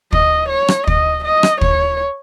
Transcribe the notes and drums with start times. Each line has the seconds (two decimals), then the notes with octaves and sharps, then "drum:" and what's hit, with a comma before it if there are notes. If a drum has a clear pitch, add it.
0.12 D#5, drum: kick
0.50 C#5
0.68 drum: rim click
0.87 D#5, drum: kick
1.25 D#5
1.43 drum: rim click
1.61 C#5, drum: kick